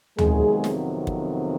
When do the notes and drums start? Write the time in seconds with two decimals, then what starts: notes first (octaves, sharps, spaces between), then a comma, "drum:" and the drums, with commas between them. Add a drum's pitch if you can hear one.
0.18 F2 C3 D#3 F#3 G#3 B3 G#4, drum: tom
0.64 drum: snare
1.07 drum: kick